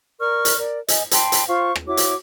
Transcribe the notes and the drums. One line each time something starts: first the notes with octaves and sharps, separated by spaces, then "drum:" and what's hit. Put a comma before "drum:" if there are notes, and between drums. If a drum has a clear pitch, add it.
A#4 D5 C#6 F6
drum: hi-hat
A#4 D5
D#5 G#5, drum: hi-hat
G5 A5 B5 C6, drum: hi-hat
drum: hi-hat
F4 C5 F5 C#6
drum: rim click
E4 F#4 C#5 D6
drum: hi-hat